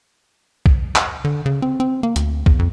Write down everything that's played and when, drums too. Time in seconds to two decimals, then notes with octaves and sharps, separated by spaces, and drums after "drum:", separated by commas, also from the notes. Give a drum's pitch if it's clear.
0.66 drum: kick
0.96 drum: clap
1.25 D3
1.46 C#3
1.62 C4
1.80 C4
2.03 A#3
2.16 D2, drum: hi-hat
2.46 E2, drum: kick
2.59 F2